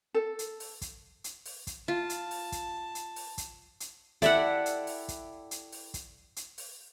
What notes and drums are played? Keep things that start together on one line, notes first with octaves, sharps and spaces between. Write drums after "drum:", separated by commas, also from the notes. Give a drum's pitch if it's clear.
A4
drum: hi-hat
drum: open hi-hat
drum: kick, hi-hat
drum: hi-hat
drum: open hi-hat
drum: kick, hi-hat
F4 A5
drum: hi-hat
drum: open hi-hat
drum: kick, hi-hat
drum: hi-hat
drum: open hi-hat
drum: kick, hi-hat
drum: hi-hat
E4 G4 A4 D5 E5 F#5, drum: kick, hi-hat
drum: hi-hat
drum: open hi-hat
drum: kick, hi-hat
drum: hi-hat
drum: open hi-hat
drum: kick, hi-hat
drum: hi-hat
drum: open hi-hat